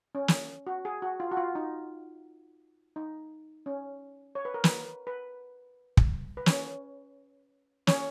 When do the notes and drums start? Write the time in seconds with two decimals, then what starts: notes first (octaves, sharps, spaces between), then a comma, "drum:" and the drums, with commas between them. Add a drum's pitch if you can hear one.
0.15 C#4
0.28 drum: snare
0.67 F#4
0.85 G#4
1.02 F#4
1.20 F4
1.31 F#4
1.37 F4
1.55 D#4
2.96 D#4
3.66 C#4
4.35 C#5
4.45 B4
4.54 A#4
4.64 B4, drum: snare
5.07 B4
5.97 drum: kick
6.37 B4
6.46 C#4 C#5, drum: snare
7.87 C#4 C#5, drum: snare